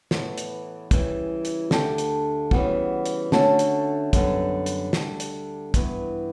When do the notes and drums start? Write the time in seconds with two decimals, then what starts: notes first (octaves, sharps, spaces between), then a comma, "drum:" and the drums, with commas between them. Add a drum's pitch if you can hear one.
0.11 A2 E3 B3, drum: snare
0.38 drum: hi-hat
0.91 C#3 E3 G3, drum: kick, hi-hat
1.45 drum: hi-hat
1.71 D2 D3 A3 D4 G4, drum: snare
1.98 drum: hi-hat
2.51 C#3 E3 G3 B3 F#4, drum: kick
3.06 drum: hi-hat
3.32 D3 A3 C#4 F#4 A4, drum: snare
3.59 drum: hi-hat
4.13 F#2 D3 G3 B3, drum: kick, hi-hat
4.66 drum: hi-hat
4.93 D2 D3 G3 D4, drum: snare
5.20 drum: hi-hat
5.74 G2 E3 B3 E4, drum: kick, hi-hat